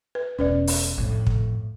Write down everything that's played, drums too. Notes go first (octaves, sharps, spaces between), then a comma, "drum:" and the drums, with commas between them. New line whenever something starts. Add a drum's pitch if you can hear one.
B4
E1 C#4 B4 D5
drum: open hi-hat
F2 A2
drum: kick